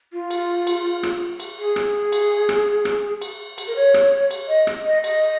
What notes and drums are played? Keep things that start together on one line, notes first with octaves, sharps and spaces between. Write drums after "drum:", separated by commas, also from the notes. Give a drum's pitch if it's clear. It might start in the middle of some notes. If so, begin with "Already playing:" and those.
F4
drum: cymbal
drum: cymbal
drum: rim click
drum: cymbal
G#4
drum: rim click
drum: cymbal
drum: rim click
drum: rim click
drum: cymbal
drum: cymbal
A#4
C#5
drum: rim click
drum: cymbal
D#5
drum: rim click
D#5
D#5, drum: cymbal